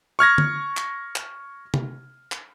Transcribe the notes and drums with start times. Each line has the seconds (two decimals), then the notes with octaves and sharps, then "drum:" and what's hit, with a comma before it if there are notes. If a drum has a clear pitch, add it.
0.19 C#6 F6 G#6 A#6
0.38 drum: tom D3
0.77 drum: clap
1.16 drum: clap
1.74 drum: tom C3
2.32 drum: clap